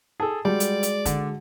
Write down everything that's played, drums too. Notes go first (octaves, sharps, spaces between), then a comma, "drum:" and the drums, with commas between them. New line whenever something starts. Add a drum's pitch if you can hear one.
G#4 A4 A5
G3 G#3 F#4 D5
drum: hi-hat
drum: hi-hat
D3, drum: kick, hi-hat